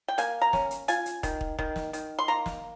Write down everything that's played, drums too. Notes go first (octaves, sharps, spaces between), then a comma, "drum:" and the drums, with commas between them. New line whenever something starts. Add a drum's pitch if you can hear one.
G5
A#3 G#5, drum: hi-hat
A#5
C#4, drum: snare
drum: hi-hat
F4 G#5, drum: hi-hat
drum: hi-hat
D#3, drum: kick, hi-hat
drum: kick
D#3, drum: kick
drum: snare
D#3, drum: hi-hat
C6
A#3 A#5
drum: snare